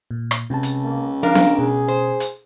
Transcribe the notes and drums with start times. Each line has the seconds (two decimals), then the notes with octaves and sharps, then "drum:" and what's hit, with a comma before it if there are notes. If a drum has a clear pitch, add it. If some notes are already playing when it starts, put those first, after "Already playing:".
0.11 A#2
0.31 drum: rim click
0.50 C#2 C3 A5
0.63 drum: hi-hat
0.84 A#3
1.23 F3 D4 A#4 F5
1.35 drum: snare B3
1.59 B2 G#4
1.88 C5
2.20 drum: hi-hat